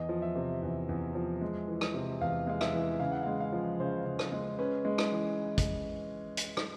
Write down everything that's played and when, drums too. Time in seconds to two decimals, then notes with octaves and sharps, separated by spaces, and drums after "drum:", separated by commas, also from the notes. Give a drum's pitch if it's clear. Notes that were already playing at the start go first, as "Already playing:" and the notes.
Already playing: E2 D#5
0.09 F3
0.22 E5
0.36 C3
0.62 E2
0.89 E2
1.15 F3
1.41 G#3
1.68 E3
1.81 drum: rim click
1.94 C3
2.21 E2 F5
2.47 G#3 F5
2.61 E5, drum: rim click
2.73 E3
3.00 C#3 F5
3.12 F#5
3.23 G#3 F5
3.40 F5
3.52 F3
3.80 C#3 C5
4.05 C#3
4.19 drum: rim click
4.32 G#3
4.59 C#4 B4
4.85 G#3
4.98 drum: rim click
5.12 E3
5.58 drum: kick, hi-hat
6.37 drum: hi-hat
6.57 drum: rim click